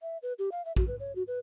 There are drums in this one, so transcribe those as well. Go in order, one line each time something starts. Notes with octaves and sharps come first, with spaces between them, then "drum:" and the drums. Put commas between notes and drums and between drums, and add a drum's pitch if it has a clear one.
E5
B4
G4
F5
E5
F#4, drum: kick
B4
C#5
F#4
B4